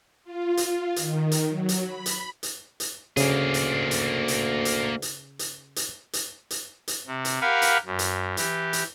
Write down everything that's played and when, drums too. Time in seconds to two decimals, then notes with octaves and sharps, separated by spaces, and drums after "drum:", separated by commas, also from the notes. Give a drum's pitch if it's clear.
0.24 F4
0.57 drum: hi-hat
0.96 D#3, drum: hi-hat
1.32 drum: hi-hat
1.49 F#3
1.69 drum: hi-hat
1.83 B5
2.06 drum: hi-hat
2.43 drum: hi-hat
2.80 drum: hi-hat
3.17 D2 C#3 A#3 G#4, drum: hi-hat
3.54 drum: hi-hat
3.91 drum: hi-hat
4.28 drum: hi-hat
4.65 drum: hi-hat
5.02 drum: hi-hat
5.39 drum: hi-hat
5.76 drum: hi-hat
6.13 drum: hi-hat
6.50 drum: hi-hat
6.88 drum: hi-hat
7.06 C3
7.25 drum: hi-hat
7.41 G4 A#4 F5 F#5 G#5 B5
7.62 drum: hi-hat
7.86 F#2
7.99 drum: hi-hat
8.37 E3 G4, drum: hi-hat
8.73 drum: hi-hat